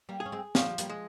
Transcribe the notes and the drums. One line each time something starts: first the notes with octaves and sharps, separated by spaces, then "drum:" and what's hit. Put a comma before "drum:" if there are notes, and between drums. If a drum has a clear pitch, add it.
G3 A#3
G#4
C#4
G#3 C4
F3 A#3 C#4, drum: snare
G3 A#3, drum: hi-hat
G#3